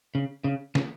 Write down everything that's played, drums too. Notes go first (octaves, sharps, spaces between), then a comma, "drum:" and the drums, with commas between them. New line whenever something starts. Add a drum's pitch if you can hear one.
C#3
C#3
C#3, drum: snare